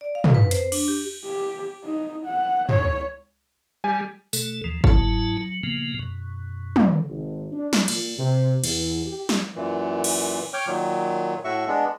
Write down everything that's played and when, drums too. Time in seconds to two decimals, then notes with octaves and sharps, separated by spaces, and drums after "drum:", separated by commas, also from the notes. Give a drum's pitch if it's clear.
0.01 D5
0.15 F5
0.24 drum: tom
0.35 B4
0.51 C5, drum: hi-hat
0.72 D4, drum: cymbal
0.88 G4
1.25 G4
1.85 D#4
2.26 F#5
2.69 C#5, drum: tom
3.84 G3 G#5
4.33 B2 A3 A4, drum: tambourine
4.64 D#2 E3 F3
4.84 G#2 F#3 E4 A5, drum: kick
5.38 F#3
5.63 A#2 C#3 F3 A#3 B3
5.99 F#2 B2
6.76 drum: tom
7.09 G#1
7.52 D4
7.73 drum: snare
7.88 A#2, drum: cymbal
8.18 C3
8.64 E2, drum: cymbal
9.06 G4
9.29 drum: snare
9.56 F#2 A#2 E3
10.04 drum: cymbal
10.54 C#5 G5 D6 F6 G6
10.67 A#2 D#3 F#3
11.44 A2 F#4 E5 C#6
11.68 G#3 B3 D4